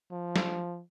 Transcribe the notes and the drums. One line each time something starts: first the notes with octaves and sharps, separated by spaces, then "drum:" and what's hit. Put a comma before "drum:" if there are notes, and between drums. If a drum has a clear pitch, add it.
F3
drum: snare